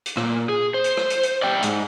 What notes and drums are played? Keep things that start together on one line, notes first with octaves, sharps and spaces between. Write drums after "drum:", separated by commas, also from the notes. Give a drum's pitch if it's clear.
drum: hi-hat
A#2, drum: rim click
G#4
C5
drum: hi-hat
drum: rim click
drum: hi-hat
drum: hi-hat
D5 E5 G5
G#2, drum: hi-hat